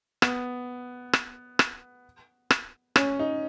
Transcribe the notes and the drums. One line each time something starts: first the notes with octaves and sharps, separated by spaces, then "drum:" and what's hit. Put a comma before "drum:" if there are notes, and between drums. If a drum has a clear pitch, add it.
B3, drum: rim click
drum: rim click
drum: rim click
drum: rim click
C#4, drum: rim click
D#4